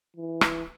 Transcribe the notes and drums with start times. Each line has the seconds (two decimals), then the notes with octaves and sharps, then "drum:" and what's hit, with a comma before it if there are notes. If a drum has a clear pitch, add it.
0.16 E3
0.41 drum: rim click